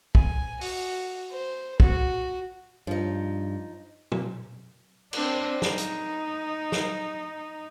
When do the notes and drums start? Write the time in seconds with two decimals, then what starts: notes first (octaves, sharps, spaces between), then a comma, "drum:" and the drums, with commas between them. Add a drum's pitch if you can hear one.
0.15 G#5, drum: kick
0.61 F#4, drum: open hi-hat
1.31 C5
1.80 F#4, drum: kick
2.87 G2 F3 D#4
4.12 drum: tom
5.13 C4 D4, drum: cymbal
5.62 D#4, drum: snare
5.78 drum: hi-hat
6.72 drum: snare